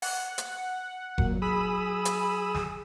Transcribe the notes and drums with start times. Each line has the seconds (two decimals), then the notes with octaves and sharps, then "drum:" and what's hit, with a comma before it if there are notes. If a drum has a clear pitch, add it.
0.02 F#5, drum: open hi-hat
0.38 drum: hi-hat
1.18 A#2 F#3, drum: kick F1
1.42 G#4 B5 D#6 E6
2.05 drum: hi-hat
2.55 drum: snare